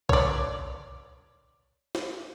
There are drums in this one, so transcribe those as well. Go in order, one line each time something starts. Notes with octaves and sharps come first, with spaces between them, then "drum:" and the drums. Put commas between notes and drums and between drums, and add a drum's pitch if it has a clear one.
C#5 D5, drum: kick B1
drum: snare